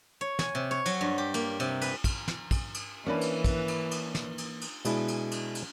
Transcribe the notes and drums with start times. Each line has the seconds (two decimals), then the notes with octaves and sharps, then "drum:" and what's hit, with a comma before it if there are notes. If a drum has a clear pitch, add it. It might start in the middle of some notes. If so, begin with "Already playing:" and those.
0.21 C#5
0.39 G#5, drum: snare
0.55 C3
0.71 C#5
0.86 F#3, drum: cymbal
1.01 G2
1.18 G4
1.34 A#3, drum: cymbal
1.60 C3, drum: cymbal
1.81 B4, drum: cymbal
2.04 drum: kick, cymbal
2.28 drum: snare
2.51 drum: kick, cymbal
2.74 drum: cymbal
3.06 E3 A#3 C#4 D4 B4
3.21 drum: cymbal
3.45 drum: kick, cymbal
3.68 drum: cymbal
3.91 drum: cymbal
4.15 drum: snare
4.38 drum: cymbal
4.61 drum: cymbal
4.85 B2 G#3 D4 E4, drum: cymbal
5.08 drum: cymbal
5.31 drum: cymbal
5.55 drum: cymbal